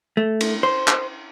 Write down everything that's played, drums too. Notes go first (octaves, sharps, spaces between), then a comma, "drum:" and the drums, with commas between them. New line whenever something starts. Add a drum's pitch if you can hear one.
A3
drum: cymbal
C5
drum: clap